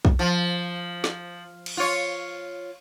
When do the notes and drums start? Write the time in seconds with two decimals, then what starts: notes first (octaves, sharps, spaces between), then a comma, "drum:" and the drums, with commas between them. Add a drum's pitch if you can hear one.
0.05 drum: kick
0.19 F3
1.04 drum: snare
1.66 drum: cymbal
1.77 F4 C#5